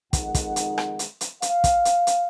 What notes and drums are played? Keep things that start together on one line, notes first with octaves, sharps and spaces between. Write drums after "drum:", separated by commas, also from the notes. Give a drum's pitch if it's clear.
F2 D#3 G#3 D#4 F#5, drum: kick, hi-hat
drum: kick, hi-hat
drum: hi-hat
drum: rim click
drum: hi-hat
drum: hi-hat
F5, drum: hi-hat
drum: kick, hi-hat
drum: hi-hat
drum: hi-hat